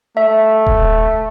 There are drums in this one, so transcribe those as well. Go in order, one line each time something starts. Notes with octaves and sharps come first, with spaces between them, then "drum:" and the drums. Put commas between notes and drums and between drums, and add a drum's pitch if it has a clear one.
A3 E5
drum: kick D#1